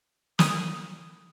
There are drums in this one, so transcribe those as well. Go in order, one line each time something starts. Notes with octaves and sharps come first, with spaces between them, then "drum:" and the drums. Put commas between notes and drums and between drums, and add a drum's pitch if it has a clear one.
D#6, drum: snare